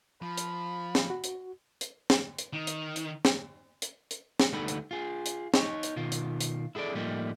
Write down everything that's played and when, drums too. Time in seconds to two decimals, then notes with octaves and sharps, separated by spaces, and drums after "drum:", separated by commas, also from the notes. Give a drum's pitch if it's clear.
0.22 F3 B5
0.38 drum: hi-hat
0.95 drum: snare
1.10 F#4
1.24 drum: hi-hat
1.81 drum: hi-hat
2.10 drum: snare
2.39 drum: hi-hat
2.53 D#3
2.67 drum: hi-hat
2.96 drum: hi-hat
3.25 drum: snare
3.82 drum: hi-hat
4.11 drum: hi-hat
4.40 drum: snare
4.53 D2 G3 B3 D#4 A4 B5
4.68 drum: hi-hat
4.91 F4 G#4
5.26 drum: hi-hat
5.54 D#4 C#5, drum: snare
5.83 drum: hi-hat
5.96 B2 D#3 F4
6.12 drum: hi-hat
6.41 drum: hi-hat
6.75 E4 G#4 A4 B4 D5
6.94 A2 F3 G3 A3 A#3 D#4